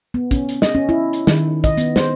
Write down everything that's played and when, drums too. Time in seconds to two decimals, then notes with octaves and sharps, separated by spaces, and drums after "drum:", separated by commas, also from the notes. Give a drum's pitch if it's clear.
0.14 B3
0.31 C#4, drum: kick, hi-hat
0.49 drum: hi-hat
0.62 D#5, drum: snare
0.75 C#4
0.89 E4
1.13 drum: hi-hat
1.27 D#3, drum: snare
1.64 D#5, drum: kick, hi-hat
1.77 B3, drum: hi-hat
1.96 C5, drum: snare